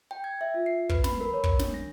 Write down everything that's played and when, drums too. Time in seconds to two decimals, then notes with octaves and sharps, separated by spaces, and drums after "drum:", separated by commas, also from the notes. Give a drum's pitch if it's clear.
0.11 G5
0.24 G#6
0.41 E5
0.54 F4
0.66 C7
0.89 B4, drum: kick
1.04 B5, drum: snare
1.20 A#4
1.33 C#5
1.44 drum: kick
1.59 D4, drum: snare
1.74 A#6